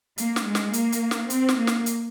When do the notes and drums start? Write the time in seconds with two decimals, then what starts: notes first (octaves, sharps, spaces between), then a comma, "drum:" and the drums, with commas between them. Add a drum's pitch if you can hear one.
0.18 A#3, drum: hi-hat
0.36 drum: snare
0.45 G#3
0.55 drum: snare
0.73 A#3, drum: hi-hat
0.92 drum: hi-hat
1.11 drum: snare
1.30 C4, drum: hi-hat
1.49 drum: snare
1.58 A#3
1.67 drum: snare
1.86 drum: hi-hat